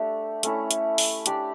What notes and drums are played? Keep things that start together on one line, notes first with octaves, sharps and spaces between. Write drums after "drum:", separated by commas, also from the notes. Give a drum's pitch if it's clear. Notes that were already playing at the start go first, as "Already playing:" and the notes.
Already playing: A3 D4 G4
A3 C#4 E4, drum: hi-hat
drum: hi-hat
drum: open hi-hat
D4 G4 D5, drum: hi-hat